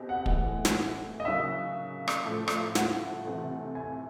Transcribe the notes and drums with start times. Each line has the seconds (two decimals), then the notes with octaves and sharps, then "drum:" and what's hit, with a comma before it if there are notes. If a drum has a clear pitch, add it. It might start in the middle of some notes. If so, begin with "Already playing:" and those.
Already playing: B2 G#3 C4 D#4 G4
0.09 F#5
0.26 A2 E3 G#3, drum: kick
0.65 drum: snare
1.20 D#5
1.25 C#3 F#3 A#3 D#4 E5
2.08 drum: rim click
2.25 A2 F3 A3
2.48 drum: rim click
2.75 F#5, drum: snare
3.25 C3 E3 A3
3.75 G#5